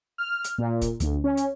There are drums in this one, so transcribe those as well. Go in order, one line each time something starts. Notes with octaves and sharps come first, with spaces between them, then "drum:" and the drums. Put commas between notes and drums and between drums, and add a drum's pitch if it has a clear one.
F6
drum: hi-hat
A#2
drum: kick, hi-hat
D2, drum: hi-hat
C#4
drum: hi-hat